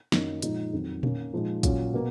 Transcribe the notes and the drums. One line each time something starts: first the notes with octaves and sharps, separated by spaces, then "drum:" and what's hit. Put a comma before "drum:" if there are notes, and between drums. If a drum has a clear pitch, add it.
F#2 D#3 A#3 D#4, drum: snare
A#2 F3 G#3 D#4, drum: hi-hat
F2 D#3 F#3
D#3 A#3 C#4, drum: tom A#2
A#2 F3 G#3 D#4
A#2 F#3 C#4, drum: kick, hi-hat
B2 A#3